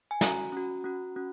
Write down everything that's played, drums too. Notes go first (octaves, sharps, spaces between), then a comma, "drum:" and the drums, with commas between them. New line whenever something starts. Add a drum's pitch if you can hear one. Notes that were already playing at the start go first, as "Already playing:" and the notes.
G#5
C#4 F#4 A#5, drum: snare
C#4 F#4
C#4 F#4
C#4 F#4